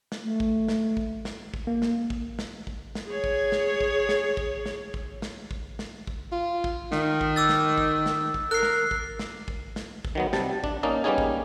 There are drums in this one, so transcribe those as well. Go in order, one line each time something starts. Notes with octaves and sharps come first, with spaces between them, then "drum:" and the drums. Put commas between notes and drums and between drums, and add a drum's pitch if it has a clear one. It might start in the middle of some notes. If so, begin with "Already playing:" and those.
drum: snare
A3
drum: kick
drum: snare
drum: kick
drum: snare
drum: kick
A#3
drum: snare
drum: kick
drum: snare
drum: kick
drum: snare
G#4 C#5
drum: kick
drum: snare
drum: kick
drum: snare
drum: kick
drum: snare
drum: kick
drum: snare
drum: kick
drum: snare
drum: kick
F4
drum: kick
D#3, drum: snare
drum: kick
D6 E6 A6
drum: snare
drum: kick
drum: snare
drum: kick
A#4 F#6 C7
drum: snare
drum: kick
drum: snare
drum: kick
drum: snare
drum: kick
D#3 F#3 B3
C3 G3 A5, drum: snare
D4, drum: kick
A#3 C#4 D#4 D5
G3 A#3 B3 C#4 D#4 G#4
drum: kick